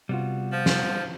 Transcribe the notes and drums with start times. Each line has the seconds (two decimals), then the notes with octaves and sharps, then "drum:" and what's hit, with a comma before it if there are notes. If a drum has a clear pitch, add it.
0.09 C3 G3 B3 F4 F#4
0.52 F3
0.66 drum: snare